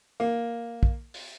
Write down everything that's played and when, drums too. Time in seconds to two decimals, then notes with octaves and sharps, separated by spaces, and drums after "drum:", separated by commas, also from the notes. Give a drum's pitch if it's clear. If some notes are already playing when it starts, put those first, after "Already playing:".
0.20 A#3
0.83 drum: kick
1.14 drum: open hi-hat